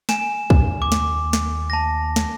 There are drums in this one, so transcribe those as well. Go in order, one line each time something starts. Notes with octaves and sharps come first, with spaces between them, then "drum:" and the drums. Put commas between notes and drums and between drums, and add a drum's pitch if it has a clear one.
G#5 E7, drum: snare
drum: kick
D#2 D6
drum: snare
drum: snare
A5 A#6
drum: snare